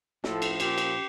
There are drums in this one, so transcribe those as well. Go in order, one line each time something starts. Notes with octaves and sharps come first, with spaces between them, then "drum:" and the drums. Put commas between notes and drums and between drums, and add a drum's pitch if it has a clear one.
A2 F3 A4, drum: snare
drum: cymbal
A#2 F3 G4, drum: cymbal
drum: cymbal